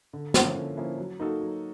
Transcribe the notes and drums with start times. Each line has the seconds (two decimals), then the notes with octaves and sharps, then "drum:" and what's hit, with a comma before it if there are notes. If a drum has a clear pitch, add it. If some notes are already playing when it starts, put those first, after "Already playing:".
0.13 D3
0.34 F3 A#3 C#4 E4, drum: snare
0.55 D3
0.77 F3 A#3 C#4 E4
0.98 F#3
1.19 A#3 D#4 F#4 A4
1.41 F#3